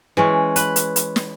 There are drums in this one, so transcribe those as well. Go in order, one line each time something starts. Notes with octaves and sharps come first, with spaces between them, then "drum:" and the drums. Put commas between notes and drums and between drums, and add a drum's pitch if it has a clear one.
E3 G#3 C#4
B4, drum: hi-hat
drum: hi-hat
drum: hi-hat
drum: snare